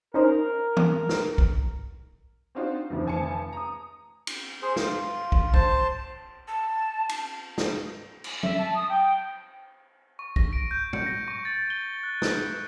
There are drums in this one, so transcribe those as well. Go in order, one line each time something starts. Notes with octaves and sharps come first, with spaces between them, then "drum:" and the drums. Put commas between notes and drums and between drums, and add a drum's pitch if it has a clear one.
C#4 D#4 A#4 C5
drum: tom
drum: snare
drum: kick
C4 D4 D#4 F4 F#4 C5
F1 D2 D#3 F3
F1 F3 G#5 A5 C#7
A#5 D#6
drum: cymbal
G#4 C5
F4, drum: snare
drum: kick
C5 A5, drum: kick
A5
drum: cymbal
drum: snare
drum: cymbal
E5, drum: tom
A5
D#6
G5
C#6
A#6, drum: kick
D7
G6
C#7, drum: tom
A#6
C#6
A6
G7
F#6
drum: snare